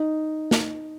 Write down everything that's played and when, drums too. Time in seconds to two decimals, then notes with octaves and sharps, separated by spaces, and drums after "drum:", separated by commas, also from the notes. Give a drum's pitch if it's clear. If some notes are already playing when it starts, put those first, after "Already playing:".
Already playing: D#4
0.51 drum: snare